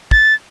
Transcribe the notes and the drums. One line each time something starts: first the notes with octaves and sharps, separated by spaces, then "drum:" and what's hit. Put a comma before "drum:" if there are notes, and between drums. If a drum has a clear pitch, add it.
A6, drum: kick